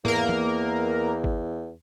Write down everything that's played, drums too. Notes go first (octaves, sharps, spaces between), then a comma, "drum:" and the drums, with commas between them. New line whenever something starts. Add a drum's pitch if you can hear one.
E2 A#3 A#4, drum: tom G#2
drum: tom E3
drum: kick G#1